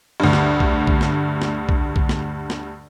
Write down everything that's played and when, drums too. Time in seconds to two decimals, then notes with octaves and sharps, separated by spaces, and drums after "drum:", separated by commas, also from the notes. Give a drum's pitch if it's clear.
0.20 D2 G2
0.33 drum: snare
0.60 drum: kick
0.87 drum: kick
1.01 drum: snare
1.42 drum: snare
1.69 drum: kick
1.96 drum: kick
2.09 drum: snare
2.50 drum: snare